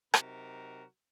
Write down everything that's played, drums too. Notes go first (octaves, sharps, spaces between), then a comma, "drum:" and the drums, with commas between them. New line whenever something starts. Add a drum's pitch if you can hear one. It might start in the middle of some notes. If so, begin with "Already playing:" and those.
C3 F#3 D#4 F#4 A#4, drum: rim click